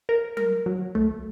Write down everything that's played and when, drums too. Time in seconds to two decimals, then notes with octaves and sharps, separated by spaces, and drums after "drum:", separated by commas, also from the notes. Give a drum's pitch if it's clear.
0.09 A#4
0.37 A#4, drum: tom F#3
0.66 F#3
0.95 A3, drum: kick B1